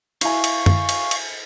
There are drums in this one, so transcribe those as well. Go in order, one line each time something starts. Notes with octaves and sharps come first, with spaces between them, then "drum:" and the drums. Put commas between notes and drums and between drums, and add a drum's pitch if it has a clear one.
E4 E5 F5 G#5 C#6, drum: cymbal
drum: cymbal
drum: tom F#2
drum: cymbal
drum: cymbal